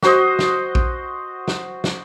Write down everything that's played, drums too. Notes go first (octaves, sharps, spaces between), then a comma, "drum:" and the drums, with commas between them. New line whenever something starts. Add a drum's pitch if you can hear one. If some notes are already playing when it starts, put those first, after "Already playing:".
F#4 C5 D#5, drum: snare
drum: snare
drum: kick A#1
drum: snare
drum: snare